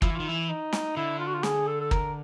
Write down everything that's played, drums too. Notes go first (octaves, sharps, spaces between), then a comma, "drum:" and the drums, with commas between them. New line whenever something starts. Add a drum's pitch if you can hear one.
F3 E4, drum: kick
E3
D#3 F4
E3 E4
D#4
drum: snare
D3 E4
F4
F#4
F4
G#4, drum: snare
A4
A4
A#4, drum: kick